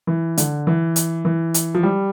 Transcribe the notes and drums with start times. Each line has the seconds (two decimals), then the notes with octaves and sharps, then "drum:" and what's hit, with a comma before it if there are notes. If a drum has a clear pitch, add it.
0.07 E3
0.38 D3, drum: hi-hat
0.67 E3
0.96 drum: hi-hat
1.25 E3
1.54 drum: hi-hat
1.75 F3
1.83 G3